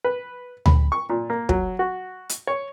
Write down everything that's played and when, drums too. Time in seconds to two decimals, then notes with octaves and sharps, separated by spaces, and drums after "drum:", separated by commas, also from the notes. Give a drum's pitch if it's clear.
0.04 B4
0.66 B5, drum: tom D2
0.92 C#6
1.10 A#2
1.30 A#3
1.49 F#3, drum: kick
1.79 F#4
2.29 drum: hi-hat
2.47 C#5